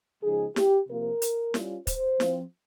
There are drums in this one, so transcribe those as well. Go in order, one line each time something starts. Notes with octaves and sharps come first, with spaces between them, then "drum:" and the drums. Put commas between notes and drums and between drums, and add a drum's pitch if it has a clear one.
C#3 F3 G#3 D#4 G#4
G4, drum: snare
C3 F3 A#3 F4 A#4
drum: hi-hat
G3 C#4 F4, drum: snare
C5, drum: kick, hi-hat
F3 C4 F4, drum: snare